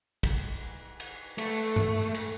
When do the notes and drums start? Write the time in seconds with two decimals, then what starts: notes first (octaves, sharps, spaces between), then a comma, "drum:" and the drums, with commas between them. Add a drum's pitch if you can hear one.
0.23 drum: kick, cymbal
1.00 drum: cymbal
1.38 A3, drum: cymbal
1.76 drum: tom G2
2.15 drum: cymbal